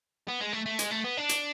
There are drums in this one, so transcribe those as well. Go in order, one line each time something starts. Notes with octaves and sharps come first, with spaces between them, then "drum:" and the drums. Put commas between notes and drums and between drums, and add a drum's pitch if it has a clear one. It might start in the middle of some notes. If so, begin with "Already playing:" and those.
B3
G#3
A3
A3
G#3, drum: hi-hat
A3
B3
D4
drum: hi-hat